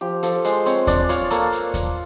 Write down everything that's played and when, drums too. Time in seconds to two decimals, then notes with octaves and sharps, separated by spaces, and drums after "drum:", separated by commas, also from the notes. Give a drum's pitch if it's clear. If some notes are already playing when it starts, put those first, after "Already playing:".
0.01 F3 G4
0.23 F3 A4, drum: hi-hat
0.44 G#3 C5, drum: hi-hat
0.66 C4 C#5, drum: hi-hat
0.87 D4 D5, drum: kick D#2, hi-hat
1.09 F4 C#5, drum: hi-hat
1.30 A#3 A4, drum: hi-hat
1.52 drum: hi-hat
1.74 drum: kick D#2, hi-hat